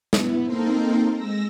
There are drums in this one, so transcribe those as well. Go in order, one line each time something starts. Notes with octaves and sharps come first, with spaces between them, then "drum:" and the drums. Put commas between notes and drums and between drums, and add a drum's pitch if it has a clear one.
B3 E4, drum: snare
A#3 C4 D#4 A4 A#4 C5
G#3 E6 A#6